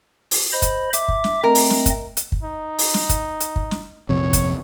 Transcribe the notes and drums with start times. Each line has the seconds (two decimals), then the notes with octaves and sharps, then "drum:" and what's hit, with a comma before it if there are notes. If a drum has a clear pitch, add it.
0.31 drum: open hi-hat
0.52 C5 D#5 B5
0.62 drum: kick, hi-hat
0.93 E5 D6, drum: hi-hat
1.08 drum: kick
1.24 drum: snare
1.43 A3 C4 A#4 D#5
1.55 drum: open hi-hat
1.70 drum: snare
1.86 drum: kick, hi-hat
2.17 drum: hi-hat
2.32 drum: kick
2.43 D#4
2.78 drum: open hi-hat
2.94 drum: snare
3.09 drum: kick, hi-hat
3.40 drum: hi-hat
3.56 drum: kick
3.71 drum: snare
4.09 A#1 F2 C3 C#5
4.33 drum: kick, hi-hat